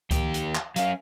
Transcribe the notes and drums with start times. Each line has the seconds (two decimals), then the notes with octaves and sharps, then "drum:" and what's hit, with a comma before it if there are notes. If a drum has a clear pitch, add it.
0.11 D#2 G4, drum: kick C#2, hi-hat
0.34 drum: hi-hat
0.55 drum: clap
0.76 F#3 C#4 F5, drum: hi-hat